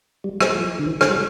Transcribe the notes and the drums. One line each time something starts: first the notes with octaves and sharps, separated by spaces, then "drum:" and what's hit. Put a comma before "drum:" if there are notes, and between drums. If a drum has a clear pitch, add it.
G3
G3, drum: rim click
F3
D3
E3
D3, drum: rim click
G3